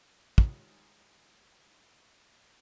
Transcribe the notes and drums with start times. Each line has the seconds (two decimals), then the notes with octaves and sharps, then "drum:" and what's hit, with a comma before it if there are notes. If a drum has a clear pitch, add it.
0.38 D#3 G3 G#3 C#4 D#4 F4, drum: kick